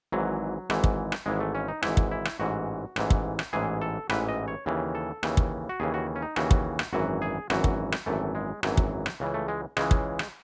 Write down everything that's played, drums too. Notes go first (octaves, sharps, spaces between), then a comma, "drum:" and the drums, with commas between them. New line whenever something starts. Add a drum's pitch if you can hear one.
G#1 G#2 E3 F#3
G#1 G#2 E3, drum: rim click
drum: kick
drum: rim click
G#1 G#2 E3 G#3
A3
C#4
D#4
G#1 G#2 E3 E4, drum: rim click
drum: kick
E4
drum: rim click
A1 G#2 E3 F#4
A1 G#2 E3, drum: rim click
drum: kick
drum: rim click
A1 G#2 E3 G#4
A4
A1 G#2 E3 B4, drum: rim click
D#5
C#5
D#2 C#3 E3
A4
D#2 C#3 E3, drum: rim click
drum: kick
F#4
D#2 C#3 E3 G#4
F#4
C#4
D#4
D#2 C#3 E3 F#4, drum: rim click
drum: kick
drum: rim click
G#1 F#2 E3 F#4
G#4
G#1 F#2 E3 F#4, drum: rim click
drum: kick
drum: rim click
G#1 F#2 E3 A3
G#3
G#1 F#2 E3 F#3, drum: rim click
drum: kick
drum: rim click
C#2 C#3 E3
A3
G#3
C#2 C#3 E3 G#3, drum: rim click
drum: kick
drum: rim click